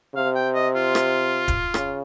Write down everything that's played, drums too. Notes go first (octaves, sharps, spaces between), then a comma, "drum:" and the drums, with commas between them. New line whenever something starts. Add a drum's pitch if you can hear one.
C3 F5
G5
D#5
F4
drum: rim click
drum: kick, hi-hat
C#3, drum: rim click